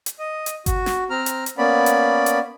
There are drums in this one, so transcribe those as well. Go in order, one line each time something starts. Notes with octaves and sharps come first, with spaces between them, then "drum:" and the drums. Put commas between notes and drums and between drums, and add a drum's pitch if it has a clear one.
drum: hi-hat
D#5
drum: hi-hat
F#4, drum: kick G1, hi-hat
drum: snare
C4 A#5 F6
drum: hi-hat
drum: hi-hat
A#3 B3 C#4 D5 B5
drum: hi-hat
drum: hi-hat